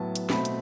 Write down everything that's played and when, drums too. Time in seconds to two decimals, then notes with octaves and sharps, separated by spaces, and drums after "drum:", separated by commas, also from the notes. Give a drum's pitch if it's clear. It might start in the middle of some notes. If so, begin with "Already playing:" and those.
Already playing: A2 F#3 B3 A5
0.15 drum: hi-hat
0.30 B2 A3 C4 B5, drum: snare
0.45 drum: hi-hat